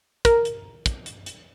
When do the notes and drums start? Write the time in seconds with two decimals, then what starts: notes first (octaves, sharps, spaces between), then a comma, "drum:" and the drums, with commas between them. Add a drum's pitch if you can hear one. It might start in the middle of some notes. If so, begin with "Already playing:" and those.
0.25 A#4, drum: kick, hi-hat
0.45 drum: hi-hat
0.86 drum: kick, hi-hat
1.06 drum: hi-hat
1.26 drum: hi-hat